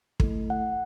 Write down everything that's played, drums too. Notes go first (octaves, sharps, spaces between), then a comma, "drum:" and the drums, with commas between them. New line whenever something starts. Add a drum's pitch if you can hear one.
A3 E4 A4, drum: kick
F#5